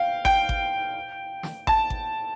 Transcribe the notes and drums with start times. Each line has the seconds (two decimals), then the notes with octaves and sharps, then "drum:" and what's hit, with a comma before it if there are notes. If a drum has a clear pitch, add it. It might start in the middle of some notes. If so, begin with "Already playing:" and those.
Already playing: F5 G5
0.25 G5, drum: kick G#1
0.49 drum: kick G#1
1.43 drum: snare
1.67 A5, drum: kick G#1
1.90 drum: kick G#1